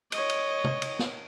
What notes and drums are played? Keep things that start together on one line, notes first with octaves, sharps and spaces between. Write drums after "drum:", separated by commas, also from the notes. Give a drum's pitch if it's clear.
C#5 D#5, drum: cymbal
drum: cymbal
drum: tom C3
drum: cymbal
drum: snare